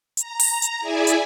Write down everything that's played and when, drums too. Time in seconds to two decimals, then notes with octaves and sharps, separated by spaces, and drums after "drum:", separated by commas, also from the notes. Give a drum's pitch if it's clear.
0.17 A#5, drum: hi-hat
0.40 drum: open hi-hat
0.62 drum: hi-hat
0.80 E4 G#4 D5 E5 G#5
1.07 drum: hi-hat